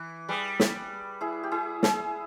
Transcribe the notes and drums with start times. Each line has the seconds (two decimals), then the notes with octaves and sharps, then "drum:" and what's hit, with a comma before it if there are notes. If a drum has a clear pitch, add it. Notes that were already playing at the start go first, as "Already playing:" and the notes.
Already playing: E3
0.29 G3 G#4 B4
0.60 drum: snare
1.21 E4 G#4
1.43 G4
1.52 E4 G#4
1.83 E4 G#4, drum: snare